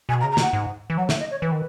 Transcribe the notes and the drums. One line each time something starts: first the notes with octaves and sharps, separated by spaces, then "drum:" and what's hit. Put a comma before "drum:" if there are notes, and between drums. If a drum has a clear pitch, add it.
B2 G#5
A#5
C#3
A#5
B2, drum: snare
F#5
G#2
E3
F#3 F#5
E5, drum: snare
D#5
C#5
E3 B4
D#3